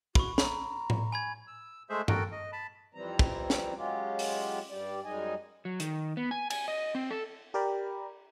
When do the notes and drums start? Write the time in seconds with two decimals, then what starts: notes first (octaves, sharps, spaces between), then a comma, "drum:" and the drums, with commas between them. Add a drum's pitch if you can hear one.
0.15 F#4 B5 C#6, drum: kick
0.38 A#5 B5, drum: snare
0.90 drum: tom A2
1.12 G#5 B5 G#6
1.47 E6
1.89 G#3 A3 G#4 C5 E5
2.08 F#4 A4 A#4 G5, drum: tom G2
2.32 D#5
2.52 A5 B5
2.95 F2 E3 G3 C4 A#5
3.19 drum: kick
3.50 drum: snare
3.76 F#3 G#3 C#4 F4 G4
4.19 drum: open hi-hat
4.71 G2 G3 G4 D5
5.05 F#2 G3 G#3 D#4 D#5 G#5
5.65 F#3
5.80 D#3, drum: hi-hat
6.17 B3
6.31 G#5
6.50 G#5, drum: cymbal
6.68 D#5
6.95 C4
7.10 A4
7.54 G4 A#4 D5 G5 A#5 B5